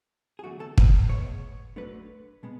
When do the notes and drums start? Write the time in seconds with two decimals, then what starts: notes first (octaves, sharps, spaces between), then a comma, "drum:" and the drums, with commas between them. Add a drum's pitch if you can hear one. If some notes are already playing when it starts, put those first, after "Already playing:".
0.39 G#4
0.43 E2 D3 F#3 A3 F#4
0.60 A4
0.78 B4, drum: kick
1.10 A2 G#3 B3 C#5
1.76 D2 D3 F#3 A3 B4
2.43 B2 G#3 B3